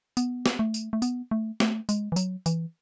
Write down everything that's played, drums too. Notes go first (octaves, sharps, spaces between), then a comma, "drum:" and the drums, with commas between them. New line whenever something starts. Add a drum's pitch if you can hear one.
B3, drum: tambourine
drum: snare
A3
drum: tambourine
A3
B3, drum: tambourine
A3
A3, drum: snare
G#3, drum: tambourine
E3
F#3, drum: tambourine
E3, drum: tambourine